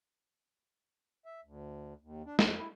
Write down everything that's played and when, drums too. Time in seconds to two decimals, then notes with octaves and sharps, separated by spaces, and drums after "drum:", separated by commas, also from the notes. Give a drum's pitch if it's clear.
1.26 E5
1.44 D2
2.01 D#2
2.26 D4
2.39 F2, drum: snare
2.57 E4